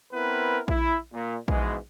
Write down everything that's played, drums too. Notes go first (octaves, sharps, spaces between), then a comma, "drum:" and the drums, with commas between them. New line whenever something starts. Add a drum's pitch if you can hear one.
B3 C4 E4 A#4 B4
E4, drum: kick A#1
A#2
G#2 B2 E3 G#3, drum: kick A#1